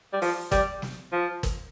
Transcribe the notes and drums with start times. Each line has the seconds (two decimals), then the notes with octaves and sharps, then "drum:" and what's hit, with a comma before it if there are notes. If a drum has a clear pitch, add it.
0.13 G3
0.22 F3, drum: open hi-hat
0.52 G3, drum: kick, hi-hat
0.82 drum: snare
1.12 F3
1.43 drum: kick, hi-hat